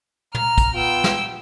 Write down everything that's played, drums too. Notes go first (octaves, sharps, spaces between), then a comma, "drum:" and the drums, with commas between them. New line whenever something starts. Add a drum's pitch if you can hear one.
A#5 F6, drum: tom
drum: kick, hi-hat
B3 F4 G5 E6
drum: snare